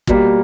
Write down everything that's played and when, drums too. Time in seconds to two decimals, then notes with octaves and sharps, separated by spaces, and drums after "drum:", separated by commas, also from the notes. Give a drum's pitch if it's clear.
0.07 B2 G3 A#3, drum: kick